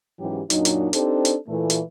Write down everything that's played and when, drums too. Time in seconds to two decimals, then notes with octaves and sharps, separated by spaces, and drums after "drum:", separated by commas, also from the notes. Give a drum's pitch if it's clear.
0.19 G#2 E3 F#3 C#4 G4
0.50 F#2 A#2 F#3 D4 D#4, drum: hi-hat
0.65 drum: hi-hat
0.93 C4 D4 D#4 G4 A4 C5, drum: hi-hat
1.25 drum: hi-hat
1.48 A#2 E3 A3
1.70 drum: hi-hat